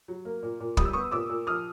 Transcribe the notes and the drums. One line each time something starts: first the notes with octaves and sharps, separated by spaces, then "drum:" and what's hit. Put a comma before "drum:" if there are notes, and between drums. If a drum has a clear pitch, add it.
F#3
A#3
A#2
A#2
G3 D#6, drum: kick
E6
B3 C#6 D#6
A#2 D6 E6
A#2
F3 D#6 F6